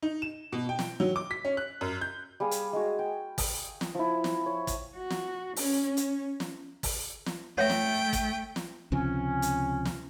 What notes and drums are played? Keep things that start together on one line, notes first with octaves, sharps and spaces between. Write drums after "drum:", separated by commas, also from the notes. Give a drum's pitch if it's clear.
D#4
E7
B2
G5
drum: snare
F#3
D6
B6
C#4
F#6
F#2
G6
G3 G#4 F5 D#6
drum: hi-hat
G#3 F#4
G5
D#6, drum: kick, open hi-hat
drum: snare
F3 E4
drum: snare
C#5
drum: kick, hi-hat
F#4
drum: snare
C#4, drum: open hi-hat
drum: hi-hat
drum: snare
drum: kick, open hi-hat
drum: snare
A3 C#5 E5 G5
drum: snare
drum: kick, hi-hat
drum: snare
C#2 C3 F3 C#4
drum: hi-hat
drum: snare